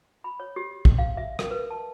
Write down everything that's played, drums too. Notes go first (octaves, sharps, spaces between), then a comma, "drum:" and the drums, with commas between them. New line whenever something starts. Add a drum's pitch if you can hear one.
B5
C#5
G4
drum: kick
F5
E5
A#4, drum: rim click
B4
A5